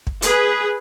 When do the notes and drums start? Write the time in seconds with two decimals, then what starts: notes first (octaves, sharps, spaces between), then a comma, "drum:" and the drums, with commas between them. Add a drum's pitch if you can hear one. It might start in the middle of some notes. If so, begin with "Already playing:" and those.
0.07 drum: kick
0.22 G#4 B4, drum: hi-hat